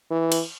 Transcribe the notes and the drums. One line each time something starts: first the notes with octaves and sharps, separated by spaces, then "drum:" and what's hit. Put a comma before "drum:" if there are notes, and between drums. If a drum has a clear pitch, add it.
E3
drum: cymbal